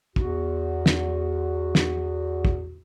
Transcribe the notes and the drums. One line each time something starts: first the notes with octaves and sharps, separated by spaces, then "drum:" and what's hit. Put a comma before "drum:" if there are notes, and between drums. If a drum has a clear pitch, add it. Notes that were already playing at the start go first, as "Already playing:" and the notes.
E2 F#4, drum: kick
drum: snare
drum: snare
drum: kick